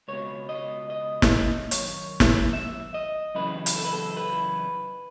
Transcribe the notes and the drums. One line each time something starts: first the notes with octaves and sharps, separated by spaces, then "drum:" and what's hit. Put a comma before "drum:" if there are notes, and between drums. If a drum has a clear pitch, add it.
C#2 B2 C#5
D#5
D#5
drum: snare
F#2 D#3 C#5, drum: hi-hat
drum: snare
E5
D#5
F#2 C#3 E3 B4
drum: hi-hat
A4
B4
A4
B4